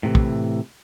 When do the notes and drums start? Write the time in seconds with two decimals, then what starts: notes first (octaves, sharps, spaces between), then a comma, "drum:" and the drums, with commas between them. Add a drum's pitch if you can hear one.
0.03 A2 C3 E3
0.15 drum: kick